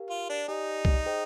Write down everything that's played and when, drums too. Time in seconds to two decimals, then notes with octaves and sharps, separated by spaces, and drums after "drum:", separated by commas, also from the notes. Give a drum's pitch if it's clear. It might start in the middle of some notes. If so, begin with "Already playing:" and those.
Already playing: G4 A#4 F5
0.10 F4
0.29 D4
0.48 D#4 G4 D5 G#5
0.85 drum: kick
1.06 G#4 C5 D#5 G5